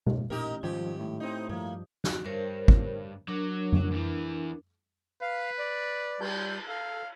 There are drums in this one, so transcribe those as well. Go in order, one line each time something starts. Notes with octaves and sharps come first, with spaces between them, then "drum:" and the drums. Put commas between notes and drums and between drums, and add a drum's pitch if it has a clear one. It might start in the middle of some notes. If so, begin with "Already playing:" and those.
D#2, drum: tom B2
A1 A#2 D#4 G4 A#4
F2 G#2 D#3 F3 G3 G4
A2
C4 D#4
G2 F3 A#3
F#4, drum: snare
G2 A#4 C5 C#5
drum: kick
F#3 D4 A#4
drum: tom F2
E2 E3
B4 F5
D5
G3 G6, drum: cymbal
A4 F5